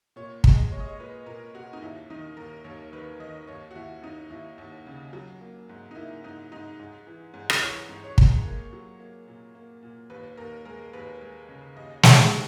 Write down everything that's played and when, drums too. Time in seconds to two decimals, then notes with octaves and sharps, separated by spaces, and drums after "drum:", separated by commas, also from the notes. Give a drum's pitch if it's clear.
0.16 A#2 C#5
0.44 G#3 D#5, drum: kick
0.71 G#3 C#5
0.80 D#5
0.89 C#5
0.99 A#2 B4
1.26 A#2 A#4
1.55 A#2 F#4
1.73 D#4
1.82 D#2 E4
2.10 D#3 D#4
2.37 D#2 A#4
2.64 D#2 C#5
2.93 D#3 B4
3.20 D#3 D#5
3.47 D#2 C#5
3.71 F#4
3.75 D#2 E4
4.02 D#2 D#4
4.30 D#2 E4
4.58 D#2
4.86 C#3
5.13 F#3
5.41 A#3
5.69 G#2
5.91 D#4
5.96 A#3 E4
6.24 G#2 D#4
6.52 G#2 D#4
6.79 G#2
7.07 E3
7.34 G#2
7.50 drum: rim click
7.61 E3 C#5
7.89 G#2
8.04 C#5
8.18 G#3, drum: kick
8.45 A#3
8.73 F#3
9.00 A#3
9.27 A#2
9.55 A#3
9.82 A#2
10.10 D#2 B4
10.37 D#2 A#4
10.65 G#3 A#4
10.93 D#2 B4
11.21 G#3
11.49 C#3
11.76 D#2 D#5
12.03 D#2, drum: snare
12.32 F#3